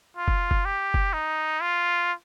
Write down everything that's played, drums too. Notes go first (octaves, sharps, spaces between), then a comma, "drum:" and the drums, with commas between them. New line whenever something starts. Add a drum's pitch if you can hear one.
F4
drum: kick F#1
drum: kick F#1
G4
drum: kick F#1
D#4
F4